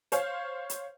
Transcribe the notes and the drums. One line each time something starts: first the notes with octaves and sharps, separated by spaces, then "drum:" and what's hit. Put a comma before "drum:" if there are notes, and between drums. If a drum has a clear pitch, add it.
C5 C#5 F5, drum: hi-hat
drum: hi-hat